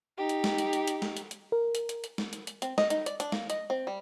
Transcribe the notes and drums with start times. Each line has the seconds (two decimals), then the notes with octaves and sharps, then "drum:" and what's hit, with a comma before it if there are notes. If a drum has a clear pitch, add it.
0.18 D#4 G4
0.29 drum: hi-hat
0.44 drum: snare
0.58 drum: hi-hat
0.73 drum: hi-hat
0.87 drum: hi-hat
1.02 drum: snare
1.17 drum: hi-hat
1.31 drum: hi-hat
1.52 A#4
1.75 drum: hi-hat
1.89 drum: hi-hat
2.04 drum: hi-hat
2.18 drum: snare
2.33 drum: hi-hat
2.47 drum: hi-hat
2.62 C4, drum: hi-hat
2.78 D#5, drum: snare
2.90 D#4, drum: hi-hat
3.06 D5, drum: hi-hat
3.20 D4, drum: hi-hat
3.32 A#3, drum: snare
3.50 D#5, drum: hi-hat
3.70 C4
3.87 G3